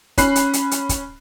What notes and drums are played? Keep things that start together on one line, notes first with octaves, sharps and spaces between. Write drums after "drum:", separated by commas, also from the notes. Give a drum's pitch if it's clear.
C#4 B5 F#6 C7, drum: kick, hi-hat
drum: hi-hat
drum: hi-hat
drum: hi-hat
drum: kick, hi-hat